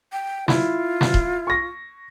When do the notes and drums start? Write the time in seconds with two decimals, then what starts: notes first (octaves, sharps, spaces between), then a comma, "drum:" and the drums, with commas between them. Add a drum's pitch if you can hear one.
0.12 G5
0.48 E4 F4, drum: snare
1.01 drum: snare
1.14 drum: kick D#1
1.47 C#6 A#6